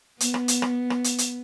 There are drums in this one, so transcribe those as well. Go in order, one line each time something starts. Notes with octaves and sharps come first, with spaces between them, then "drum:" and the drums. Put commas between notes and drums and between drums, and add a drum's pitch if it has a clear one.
B3, drum: hi-hat
drum: rim click
drum: hi-hat
drum: rim click
drum: rim click
drum: hi-hat
drum: hi-hat